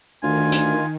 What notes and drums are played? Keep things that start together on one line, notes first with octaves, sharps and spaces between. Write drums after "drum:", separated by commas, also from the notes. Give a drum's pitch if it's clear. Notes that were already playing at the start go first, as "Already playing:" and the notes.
D2 D#3 F4 G#5
drum: hi-hat